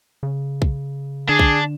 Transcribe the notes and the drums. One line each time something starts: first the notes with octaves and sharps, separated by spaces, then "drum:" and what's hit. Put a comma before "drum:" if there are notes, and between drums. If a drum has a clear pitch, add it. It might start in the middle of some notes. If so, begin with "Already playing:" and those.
C#3
drum: kick
D3 D4 G#4
drum: kick